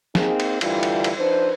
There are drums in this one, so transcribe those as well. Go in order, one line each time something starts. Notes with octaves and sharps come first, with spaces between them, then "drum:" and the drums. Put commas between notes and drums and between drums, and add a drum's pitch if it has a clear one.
A#3 C4 D#4 G#4, drum: snare
drum: cymbal
D2 D3 E3 G3 E4 F4, drum: cymbal
drum: cymbal
drum: cymbal
F3 D4 D#4 B4 C5